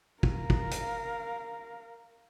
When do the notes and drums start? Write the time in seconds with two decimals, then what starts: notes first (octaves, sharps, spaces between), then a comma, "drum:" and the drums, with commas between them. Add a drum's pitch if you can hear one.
0.23 A#4 F5, drum: kick
0.50 drum: kick
0.71 drum: hi-hat